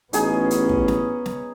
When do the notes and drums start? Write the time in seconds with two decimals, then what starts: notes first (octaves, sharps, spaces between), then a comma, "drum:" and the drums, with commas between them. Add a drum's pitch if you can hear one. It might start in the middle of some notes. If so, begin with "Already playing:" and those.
0.13 A1 B3 C#4 D#4 G#4 G#5, drum: hi-hat
0.51 drum: hi-hat
0.69 drum: kick
0.88 drum: snare
1.26 drum: snare